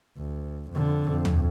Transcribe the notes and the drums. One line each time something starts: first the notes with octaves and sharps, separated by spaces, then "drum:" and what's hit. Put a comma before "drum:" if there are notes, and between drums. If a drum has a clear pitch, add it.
D2
F2 D3
F2
drum: tom